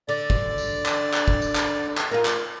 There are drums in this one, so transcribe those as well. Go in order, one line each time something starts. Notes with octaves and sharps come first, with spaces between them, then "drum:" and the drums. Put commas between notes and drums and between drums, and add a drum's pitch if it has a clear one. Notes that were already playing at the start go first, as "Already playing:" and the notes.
D3 D5
drum: kick
drum: tambourine
drum: clap
drum: clap
drum: kick
drum: tambourine
drum: clap
drum: clap
F4 A#4
drum: clap